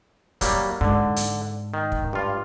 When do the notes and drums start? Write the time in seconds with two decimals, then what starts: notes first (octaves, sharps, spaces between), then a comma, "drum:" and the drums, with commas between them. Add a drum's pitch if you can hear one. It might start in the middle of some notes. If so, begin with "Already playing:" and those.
0.41 F#3 G3 A#3, drum: kick, hi-hat
0.81 G#2 D3
1.16 drum: hi-hat
1.74 D#3
1.92 drum: kick
2.13 G2 F4